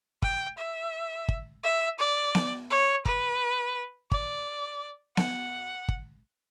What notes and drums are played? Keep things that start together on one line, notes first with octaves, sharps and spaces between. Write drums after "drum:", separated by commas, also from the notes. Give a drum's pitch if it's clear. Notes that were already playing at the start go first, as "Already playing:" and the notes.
G5, drum: kick
E5
drum: kick
E5
D5
drum: snare B3
C#5
B4, drum: kick
D5, drum: kick
F#5, drum: snare B3
drum: kick